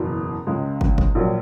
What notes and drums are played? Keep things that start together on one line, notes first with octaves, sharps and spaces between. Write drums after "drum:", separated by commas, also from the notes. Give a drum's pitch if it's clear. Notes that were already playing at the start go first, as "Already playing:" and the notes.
Already playing: F#1 E2 B2
C#2 C#3 G#3
drum: kick
drum: kick
A#1 A#2 F#3